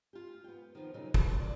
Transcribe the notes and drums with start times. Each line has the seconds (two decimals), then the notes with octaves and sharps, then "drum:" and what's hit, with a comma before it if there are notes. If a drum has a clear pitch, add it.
0.13 F4 G4
0.44 B3 G5
0.75 D#3 F3 B3
0.94 A#2 C#3 F#3 G3 D#4
1.14 D#3 F4 C5, drum: kick
1.41 D5